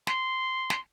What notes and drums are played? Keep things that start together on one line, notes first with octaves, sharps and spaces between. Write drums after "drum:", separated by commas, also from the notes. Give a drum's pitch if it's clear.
C6, drum: snare
drum: snare